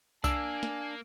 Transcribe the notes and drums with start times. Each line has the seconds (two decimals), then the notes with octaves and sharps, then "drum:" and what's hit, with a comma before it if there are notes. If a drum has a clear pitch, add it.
0.24 A#3 D4 G#5 E6, drum: kick C2, tambourine
0.63 drum: snare